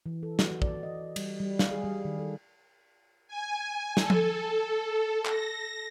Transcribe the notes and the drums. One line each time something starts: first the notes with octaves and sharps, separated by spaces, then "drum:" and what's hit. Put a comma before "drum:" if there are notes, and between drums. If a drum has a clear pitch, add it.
E3
A4
F#4, drum: snare
D5, drum: kick
D#5
G3, drum: cymbal
G3
F5, drum: snare
G#4
G3
D#3
A4
G#5
A4, drum: snare
drum: tom F3
A#6, drum: clap